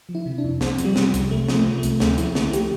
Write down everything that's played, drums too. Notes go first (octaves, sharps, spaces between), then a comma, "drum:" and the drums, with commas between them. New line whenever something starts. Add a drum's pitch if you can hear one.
F3
E4
C3
D4
F2
C2 C4, drum: snare
F3, drum: hi-hat
G3
C3, drum: snare
C2, drum: hi-hat
C2 A3
F3, drum: snare
A3
C3
A3
C2, drum: hi-hat
D2 A3, drum: snare
F3 E4, drum: hi-hat
D3 A3, drum: snare
G4, drum: hi-hat